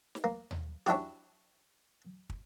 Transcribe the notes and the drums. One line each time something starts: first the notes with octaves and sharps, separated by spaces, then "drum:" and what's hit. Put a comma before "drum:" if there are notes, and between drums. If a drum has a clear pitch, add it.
drum: snare
A#3
drum: tom D#2
C#4 D4 E4 F#4 G4, drum: snare
drum: kick